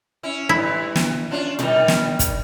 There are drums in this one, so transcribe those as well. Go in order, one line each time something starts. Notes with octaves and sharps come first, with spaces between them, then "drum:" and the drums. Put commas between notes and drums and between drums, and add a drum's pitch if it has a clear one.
C#4 E4
G2 E4
drum: snare
C#4 D4 F4
D#3 G3 D#4, drum: tom A#2
drum: snare
drum: kick, hi-hat